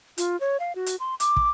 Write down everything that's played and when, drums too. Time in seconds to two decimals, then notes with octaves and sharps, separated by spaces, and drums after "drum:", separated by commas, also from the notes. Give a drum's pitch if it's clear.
0.18 F4, drum: hi-hat
0.40 C#5
0.60 F5
0.75 F#4
0.86 drum: hi-hat
1.00 C6
1.20 D6, drum: hi-hat
1.36 drum: kick